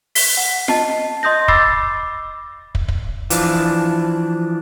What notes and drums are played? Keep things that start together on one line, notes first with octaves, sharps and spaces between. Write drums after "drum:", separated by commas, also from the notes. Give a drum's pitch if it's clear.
B6 G7, drum: open hi-hat
F#5
D#5 A5 C7, drum: snare F4
D#5 C6 D#6 G6 A#6
B5 D6 E6 A6 C7, drum: kick
drum: kick
drum: kick
E3 F3 D4, drum: hi-hat